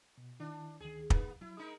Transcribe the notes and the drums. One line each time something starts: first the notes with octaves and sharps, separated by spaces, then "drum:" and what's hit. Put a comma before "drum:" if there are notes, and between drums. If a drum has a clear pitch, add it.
B2
D#3 D4 E4
D2 D#3 G#4
A#3 B3 D#4 B4, drum: kick
F#3 E4
G#3 D#4 A#4 B5 D#6